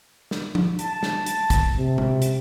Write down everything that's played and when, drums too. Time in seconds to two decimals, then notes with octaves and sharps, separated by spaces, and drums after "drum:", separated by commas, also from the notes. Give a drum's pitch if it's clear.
0.31 drum: snare
0.55 drum: tom
0.79 A5, drum: hi-hat
1.03 drum: snare
1.26 drum: hi-hat
1.50 drum: kick, hi-hat
1.78 C3
1.98 drum: tom B2
2.22 drum: hi-hat